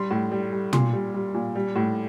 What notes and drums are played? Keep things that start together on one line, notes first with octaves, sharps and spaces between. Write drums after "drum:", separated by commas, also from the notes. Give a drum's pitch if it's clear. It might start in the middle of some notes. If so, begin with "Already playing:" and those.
Already playing: G3 C6
A2
G3
G3
A#2 C6, drum: tom
G3
G3
A#2
G3
A2